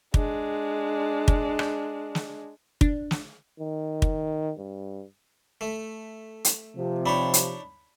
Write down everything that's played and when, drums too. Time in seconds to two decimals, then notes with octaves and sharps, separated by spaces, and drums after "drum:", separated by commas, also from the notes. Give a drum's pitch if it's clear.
0.14 G#3 D4, drum: kick
1.28 drum: kick
1.59 drum: rim click
2.15 drum: snare
2.81 D4, drum: kick
3.11 drum: snare
3.60 D#3
4.02 drum: kick
4.58 G2
5.61 A3
6.45 drum: hi-hat
6.77 C3 F3
7.06 D4 D#4 C#5 B5
7.34 drum: hi-hat